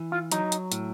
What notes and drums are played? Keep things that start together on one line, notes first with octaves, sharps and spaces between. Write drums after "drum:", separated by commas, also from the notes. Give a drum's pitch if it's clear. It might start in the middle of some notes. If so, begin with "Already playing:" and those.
Already playing: E3
F4
F#3 D#4, drum: hi-hat
drum: hi-hat
A2, drum: hi-hat